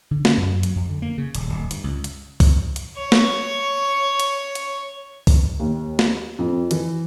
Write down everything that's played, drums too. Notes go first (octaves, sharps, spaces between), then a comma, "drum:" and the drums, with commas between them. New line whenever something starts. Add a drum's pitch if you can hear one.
D3
C#4, drum: snare
F#2
F#3, drum: hi-hat
F2
D3
A#3
C#3
D#1, drum: hi-hat
D1
G2, drum: hi-hat
C#2
drum: hi-hat
drum: kick, open hi-hat
drum: hi-hat
C#5 C#6
drum: snare
drum: hi-hat
drum: hi-hat
drum: kick, open hi-hat
D#2
drum: snare
F2
E3, drum: hi-hat